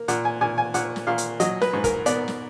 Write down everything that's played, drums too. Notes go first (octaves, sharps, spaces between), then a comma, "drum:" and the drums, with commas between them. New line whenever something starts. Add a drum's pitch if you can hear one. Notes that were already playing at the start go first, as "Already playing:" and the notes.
Already playing: A#3
A#2 F#5, drum: hi-hat
G#5
A#2 G#5
G#5
A#2 F#5, drum: hi-hat
drum: snare
A#2 F5
drum: hi-hat
F#3 D#5, drum: hi-hat
B4, drum: snare
G#2
A#4, drum: kick, hi-hat
B3 D5, drum: hi-hat
drum: snare